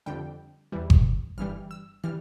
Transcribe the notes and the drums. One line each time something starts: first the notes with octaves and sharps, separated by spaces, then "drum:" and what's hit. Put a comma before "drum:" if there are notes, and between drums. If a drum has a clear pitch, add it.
F2 D3 G3 G5
E2 E3 G3
drum: kick G1
G1 G2 E3 G3 F6
E6
E3 G3 F6